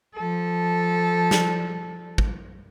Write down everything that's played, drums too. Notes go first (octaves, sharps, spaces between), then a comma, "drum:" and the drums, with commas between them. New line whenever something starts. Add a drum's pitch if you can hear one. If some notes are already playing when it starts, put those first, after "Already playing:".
F3 A4
drum: snare
drum: kick